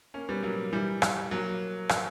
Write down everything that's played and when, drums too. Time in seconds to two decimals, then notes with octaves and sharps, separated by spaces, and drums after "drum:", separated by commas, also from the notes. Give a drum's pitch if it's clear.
0.14 A#3 C#4
0.29 G3 B3
0.43 F#3 A#3
0.73 E3 G3
1.02 drum: rim click
1.31 F#3 A#3
1.89 drum: rim click